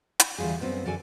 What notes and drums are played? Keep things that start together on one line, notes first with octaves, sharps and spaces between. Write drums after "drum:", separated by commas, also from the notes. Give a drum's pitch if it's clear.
drum: hi-hat
E2 D3 G3 F4 G#4
F#2 B3 C4 D4
F#2 D3 A4 D5 G#5 A5